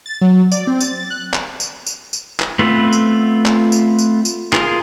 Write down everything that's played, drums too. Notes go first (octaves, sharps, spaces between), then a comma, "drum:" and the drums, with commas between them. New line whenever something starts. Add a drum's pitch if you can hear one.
A6
F#3
D5, drum: tambourine
C4
A6, drum: tambourine
F#6
drum: clap
drum: tambourine
drum: tambourine
drum: tambourine
drum: clap
A3 B3 C4 F4 B4
drum: tambourine
drum: clap
drum: tambourine
drum: tambourine
drum: tambourine
F4 G#4 A#4, drum: clap